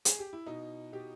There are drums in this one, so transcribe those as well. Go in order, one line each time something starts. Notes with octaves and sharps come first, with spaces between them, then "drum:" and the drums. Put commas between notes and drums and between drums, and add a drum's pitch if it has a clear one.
G#4, drum: hi-hat
G4
E4
B2 D#4
B2 G4